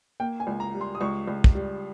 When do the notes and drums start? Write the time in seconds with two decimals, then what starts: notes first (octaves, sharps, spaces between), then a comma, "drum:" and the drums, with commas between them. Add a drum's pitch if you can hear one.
0.20 A#3 G5
0.40 G#5
0.47 C#2
0.60 A#5
0.75 G3
0.81 C6
0.95 D#6
1.00 C#2 C#6
1.28 C#2
1.44 drum: kick
1.55 G3